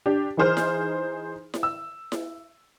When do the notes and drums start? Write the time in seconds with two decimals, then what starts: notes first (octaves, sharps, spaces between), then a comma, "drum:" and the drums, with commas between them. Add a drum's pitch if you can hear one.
0.06 D4 G4
0.37 E3 D#4 G#4 C5 F6
0.57 drum: snare E4
1.54 drum: snare E4
1.63 E6
2.12 drum: snare E4